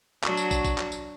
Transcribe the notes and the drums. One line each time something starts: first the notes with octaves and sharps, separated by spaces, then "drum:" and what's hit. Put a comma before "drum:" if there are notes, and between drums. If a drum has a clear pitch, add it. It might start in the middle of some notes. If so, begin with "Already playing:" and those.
F#3 D4 F#4, drum: clap
drum: tambourine
drum: kick, tambourine
drum: kick, tambourine
drum: clap
drum: tambourine